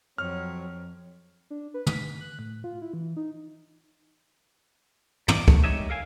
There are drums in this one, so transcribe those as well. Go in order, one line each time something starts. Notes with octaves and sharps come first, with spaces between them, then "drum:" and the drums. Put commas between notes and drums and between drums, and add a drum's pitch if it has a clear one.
F2 F#3 C4 C#5 F6
D4
B4
B6, drum: tom
F#6
A2
F4
E4
E3
D#4
B2 D5 D#5, drum: tom
A3, drum: kick C#2
G#3 D#4 G4 C#5 D#5 E5
A4 A#4 F5 G#5